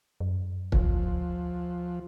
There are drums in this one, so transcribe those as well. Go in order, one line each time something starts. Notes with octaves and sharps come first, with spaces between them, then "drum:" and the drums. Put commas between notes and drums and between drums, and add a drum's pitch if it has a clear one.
F#2
D2 F3, drum: kick